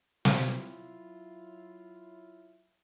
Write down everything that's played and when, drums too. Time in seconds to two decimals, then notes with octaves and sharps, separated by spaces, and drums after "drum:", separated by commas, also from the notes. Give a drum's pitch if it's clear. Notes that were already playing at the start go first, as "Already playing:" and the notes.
0.25 F#3 E4 F4, drum: snare